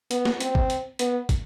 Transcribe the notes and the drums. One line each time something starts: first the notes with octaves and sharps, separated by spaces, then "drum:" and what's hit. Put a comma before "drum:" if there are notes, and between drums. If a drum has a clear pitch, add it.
B3, drum: hi-hat
drum: snare
C4, drum: hi-hat
drum: kick
drum: hi-hat
B3, drum: hi-hat
drum: kick, hi-hat